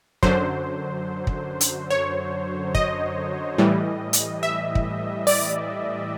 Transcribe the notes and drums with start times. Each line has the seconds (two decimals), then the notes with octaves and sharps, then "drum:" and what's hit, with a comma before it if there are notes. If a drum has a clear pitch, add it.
0.23 F#2 D3 F#3 C5, drum: kick
1.27 drum: kick
1.61 drum: hi-hat
1.90 C#5
2.75 D#5, drum: kick
3.58 A2 E3 G3
4.13 drum: hi-hat
4.43 E5
4.75 drum: kick
5.27 D5, drum: open hi-hat